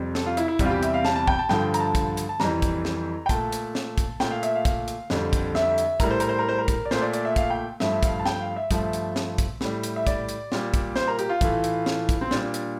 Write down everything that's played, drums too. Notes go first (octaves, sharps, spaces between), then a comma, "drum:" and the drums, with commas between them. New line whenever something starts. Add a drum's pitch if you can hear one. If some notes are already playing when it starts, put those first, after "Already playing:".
Already playing: F2 C3 G3
A4, drum: snare
F4
E4, drum: hi-hat
E4
E2 C3 G3, drum: kick, hi-hat
F4
G4
E5, drum: hi-hat
F5
A5, drum: snare
A5
G5, drum: kick
A5
G2 D3 F3 G5, drum: snare
A#5, drum: hi-hat
A5
drum: kick, hi-hat
drum: hi-hat
A5
F2 E3 G3 A#5, drum: snare
drum: kick, hi-hat
drum: snare
G5
A#2 A3 A5, drum: kick, hi-hat
drum: hi-hat
drum: snare
drum: kick, hi-hat
A#2 A3 G5, drum: snare
F5
E5, drum: hi-hat
F5
drum: kick, hi-hat
drum: hi-hat
F2 D3 G3, drum: snare
drum: kick, hi-hat
E5, drum: snare
drum: hi-hat
A2 G3 A#4, drum: kick, hi-hat
C5
A#4, drum: hi-hat
C5
A#4
C5
A#4
drum: kick, hi-hat
D5
A#2 A3 C5, drum: snare
D5
D5, drum: hi-hat
E5
F5, drum: kick, hi-hat
G5
G2 F3 A3 E5, drum: snare
F5, drum: kick, hi-hat
A5
G5, drum: snare
F5
E5
G2 F3 A3 E5, drum: kick, hi-hat
drum: hi-hat
drum: snare
drum: kick, hi-hat
A2 G3, drum: snare
drum: hi-hat
E5
D5, drum: kick, hi-hat
drum: hi-hat
A#2 G3, drum: snare
drum: kick, hi-hat
C5, drum: snare
A#4
G4, drum: hi-hat
F4
A2 E3 A3, drum: kick, hi-hat
drum: hi-hat
drum: snare
drum: kick, hi-hat
C4
A#2 G3 D4, drum: snare
drum: hi-hat